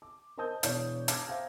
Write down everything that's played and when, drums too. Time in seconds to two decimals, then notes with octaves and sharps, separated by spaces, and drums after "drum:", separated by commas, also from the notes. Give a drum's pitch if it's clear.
0.02 D6
0.37 A#4 C5 D#5 A5 D#6 G6
0.63 E1 E4 C#5 D5 G6, drum: hi-hat
1.08 A#5 D6 E6 F6 G#6, drum: hi-hat
1.28 C5 E5 F5 G5 A#5